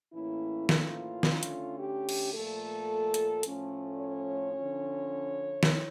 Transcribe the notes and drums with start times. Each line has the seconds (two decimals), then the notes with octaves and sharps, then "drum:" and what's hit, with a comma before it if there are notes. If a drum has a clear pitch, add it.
0.13 A2 E3 A#3 C#4 E4
0.69 F4, drum: snare
1.23 D3 A3 C#4, drum: snare
1.43 drum: hi-hat
1.79 G4
2.09 drum: cymbal
2.33 A#2 F3 A3 A4
3.14 drum: hi-hat
3.43 A2 F3 A3 C#4, drum: hi-hat
3.98 C#5
4.53 D3 F3 C#4
5.63 drum: snare